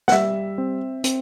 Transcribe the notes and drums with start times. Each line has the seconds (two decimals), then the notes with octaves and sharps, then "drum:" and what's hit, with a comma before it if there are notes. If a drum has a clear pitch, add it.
0.08 F#5, drum: snare
0.12 G3 E5
0.58 C4
1.04 C4, drum: hi-hat